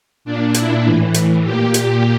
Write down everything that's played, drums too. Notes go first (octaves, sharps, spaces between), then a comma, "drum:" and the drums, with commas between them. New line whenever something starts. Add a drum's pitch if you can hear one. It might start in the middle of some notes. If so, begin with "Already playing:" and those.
A#2 D4
E4, drum: hi-hat
A2 E3
drum: hi-hat
A#2 G4
G4, drum: hi-hat